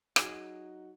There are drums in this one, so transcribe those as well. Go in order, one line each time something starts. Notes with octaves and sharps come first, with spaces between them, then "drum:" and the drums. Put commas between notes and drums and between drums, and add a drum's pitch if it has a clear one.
F#3 D#4 F#4 G#4, drum: rim click